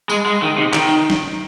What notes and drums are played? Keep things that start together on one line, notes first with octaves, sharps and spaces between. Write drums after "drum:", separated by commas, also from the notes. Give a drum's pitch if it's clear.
G#3, drum: tambourine
G#3
D#3
C3
D#3, drum: clap
drum: snare